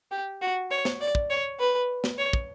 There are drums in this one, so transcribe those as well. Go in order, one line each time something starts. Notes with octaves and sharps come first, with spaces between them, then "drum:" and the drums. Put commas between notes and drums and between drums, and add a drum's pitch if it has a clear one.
G4
F#4
C#5
drum: snare
D5
drum: kick
C#5
B4
drum: snare
C#5
drum: kick